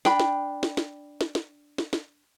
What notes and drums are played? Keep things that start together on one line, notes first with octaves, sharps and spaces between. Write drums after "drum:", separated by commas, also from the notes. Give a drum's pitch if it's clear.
D4 G5 B5, drum: snare
drum: snare
drum: snare
drum: snare
drum: snare
drum: snare
drum: snare
drum: snare